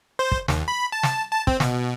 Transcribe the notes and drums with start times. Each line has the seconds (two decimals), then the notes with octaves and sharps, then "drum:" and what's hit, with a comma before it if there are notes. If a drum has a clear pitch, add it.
0.19 C5
0.32 drum: kick
0.48 D#2, drum: snare
0.68 B5
0.92 A5
1.03 drum: snare
1.32 A5
1.47 C4, drum: kick
1.60 B2, drum: snare